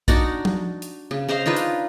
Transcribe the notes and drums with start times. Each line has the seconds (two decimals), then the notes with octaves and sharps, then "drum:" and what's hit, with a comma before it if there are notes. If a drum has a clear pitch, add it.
0.08 D4 D#4 F#4 D5, drum: kick, hi-hat
0.45 drum: tom F3
0.82 drum: hi-hat
1.11 C#3
1.29 C#3 C5 D#5 F5
1.46 D4 D#4 F4 B4
1.56 drum: hi-hat